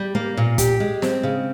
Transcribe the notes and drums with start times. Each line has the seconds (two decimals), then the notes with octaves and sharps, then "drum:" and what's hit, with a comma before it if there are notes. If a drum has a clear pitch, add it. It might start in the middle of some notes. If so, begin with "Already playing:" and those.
Already playing: G3
0.15 A#3
0.37 A#2
0.58 G4, drum: kick, hi-hat
0.80 G#3
1.02 C4, drum: snare
1.23 C#3